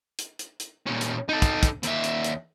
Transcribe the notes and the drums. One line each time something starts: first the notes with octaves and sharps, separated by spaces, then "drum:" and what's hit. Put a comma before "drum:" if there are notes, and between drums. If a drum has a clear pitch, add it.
drum: hi-hat
drum: hi-hat
drum: hi-hat
A#2 C#4
drum: hi-hat
D#4 A4
drum: kick, hi-hat
drum: kick, hi-hat
D#2 E5, drum: hi-hat
drum: hi-hat
drum: hi-hat